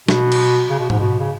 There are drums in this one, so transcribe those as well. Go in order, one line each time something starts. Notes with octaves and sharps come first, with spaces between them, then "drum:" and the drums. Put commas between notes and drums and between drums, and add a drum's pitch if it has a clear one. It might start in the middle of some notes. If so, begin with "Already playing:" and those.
B2, drum: snare
drum: cymbal
C#3
B2
G#2, drum: tom G#2
B2
C#3